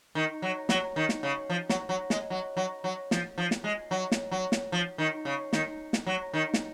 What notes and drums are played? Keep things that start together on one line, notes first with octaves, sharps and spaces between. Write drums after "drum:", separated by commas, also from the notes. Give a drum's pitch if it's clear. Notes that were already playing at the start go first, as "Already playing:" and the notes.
D#3
F#3
F#3, drum: snare
D#3
drum: snare
C#3
F3
F#3, drum: snare
F#3
G#3, drum: snare
F#3
F#3
F#3
F3, drum: snare
F3
drum: snare
G#3
F#3
drum: snare
F#3
drum: snare
F3
D#3
C#3
D#3, drum: snare
drum: snare
F#3
D#3
drum: snare